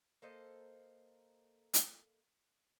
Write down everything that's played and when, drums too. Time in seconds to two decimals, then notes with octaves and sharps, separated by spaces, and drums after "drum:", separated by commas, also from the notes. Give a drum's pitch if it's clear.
0.22 A#3 A4 C5 D#5
1.74 drum: hi-hat